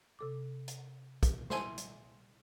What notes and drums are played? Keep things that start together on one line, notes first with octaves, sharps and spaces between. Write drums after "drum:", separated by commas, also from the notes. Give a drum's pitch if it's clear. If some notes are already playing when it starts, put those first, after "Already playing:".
C3 A4 D6
drum: hi-hat
drum: kick, hi-hat
C5 E5 G#5, drum: snare
drum: hi-hat